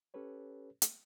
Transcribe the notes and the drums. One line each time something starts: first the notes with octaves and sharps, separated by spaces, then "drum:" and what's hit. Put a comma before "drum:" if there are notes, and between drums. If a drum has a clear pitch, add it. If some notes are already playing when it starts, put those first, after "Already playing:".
C#4 G4 A4 B4 C#5
drum: hi-hat